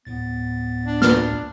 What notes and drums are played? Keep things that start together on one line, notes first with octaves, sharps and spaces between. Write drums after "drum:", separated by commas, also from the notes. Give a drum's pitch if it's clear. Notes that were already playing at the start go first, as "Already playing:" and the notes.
D2 A2 B3 A6
D4
F6, drum: snare